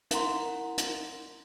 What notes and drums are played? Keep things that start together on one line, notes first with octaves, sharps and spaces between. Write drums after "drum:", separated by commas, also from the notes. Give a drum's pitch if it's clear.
E4 A#4 F#5 A#5 C6, drum: hi-hat
drum: hi-hat